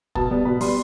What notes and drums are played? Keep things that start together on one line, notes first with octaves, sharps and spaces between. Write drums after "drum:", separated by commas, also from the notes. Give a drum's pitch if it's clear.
B2 A5, drum: kick
G3 B3
B2 B5
G3 B3 C6, drum: open hi-hat